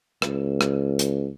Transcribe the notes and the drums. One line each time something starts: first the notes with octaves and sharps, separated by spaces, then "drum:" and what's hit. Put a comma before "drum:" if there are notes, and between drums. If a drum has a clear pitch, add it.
C#2, drum: rim click
drum: rim click
drum: hi-hat